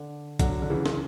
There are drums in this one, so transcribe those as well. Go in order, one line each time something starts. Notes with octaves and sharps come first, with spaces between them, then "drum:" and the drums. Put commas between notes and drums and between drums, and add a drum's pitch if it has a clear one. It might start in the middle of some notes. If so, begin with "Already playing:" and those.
Already playing: D3
D3 F#3, drum: kick A#1, hi-hat
D3
C#3 E3
drum: snare